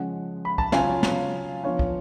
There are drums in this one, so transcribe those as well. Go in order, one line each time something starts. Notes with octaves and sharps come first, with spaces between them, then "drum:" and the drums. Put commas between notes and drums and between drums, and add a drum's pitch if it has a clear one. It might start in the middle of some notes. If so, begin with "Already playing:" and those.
Already playing: C#3 F3 G#3 C#4 F#5
B5
A5, drum: kick
C#3 F#3 C#4 F4 F5 G#5, drum: snare
drum: snare
F3 B3 D4 F4 C#5 F5
drum: kick